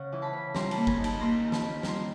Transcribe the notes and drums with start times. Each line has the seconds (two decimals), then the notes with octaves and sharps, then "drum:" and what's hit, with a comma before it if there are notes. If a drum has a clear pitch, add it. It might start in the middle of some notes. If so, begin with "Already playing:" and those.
Already playing: C#3 F#5
0.12 E3
0.22 A5 B5
0.33 C#3
0.55 G3 A#5 C6, drum: snare
0.65 A#5
0.71 A5 B5, drum: cymbal
0.77 A#3
0.87 G#5 A#5, drum: kick G1
0.99 D#4
1.04 A5 B5, drum: cymbal
1.20 A#3 A#5 C6
1.43 D#3
1.52 A5 B5, drum: snare
1.63 D#3
1.83 G3 A#5 C6, drum: snare